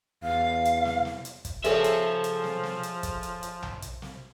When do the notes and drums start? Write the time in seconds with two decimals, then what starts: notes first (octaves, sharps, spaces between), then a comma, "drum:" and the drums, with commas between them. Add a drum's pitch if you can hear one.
0.23 E2 F5
0.65 drum: hi-hat
0.85 drum: snare
1.05 drum: snare
1.25 drum: hi-hat
1.45 drum: kick, hi-hat
1.64 F3 G#4 A4 C5 C#5 E5, drum: hi-hat
1.84 drum: hi-hat
2.24 drum: hi-hat
2.44 drum: snare
2.63 drum: snare
2.83 drum: hi-hat
3.03 drum: kick, hi-hat
3.23 drum: hi-hat
3.43 drum: hi-hat
3.62 drum: tom A#1
3.82 drum: hi-hat
4.02 drum: snare